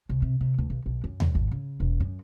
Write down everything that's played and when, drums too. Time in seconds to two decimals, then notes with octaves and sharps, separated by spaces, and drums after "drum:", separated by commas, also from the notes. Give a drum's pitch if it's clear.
0.09 C2
0.22 C3
0.41 C3
0.58 D2
0.70 B1
0.86 B1
1.04 F#2
1.20 drum: tom D#2
1.35 G#1
1.51 C#3
1.80 E1
2.00 F#2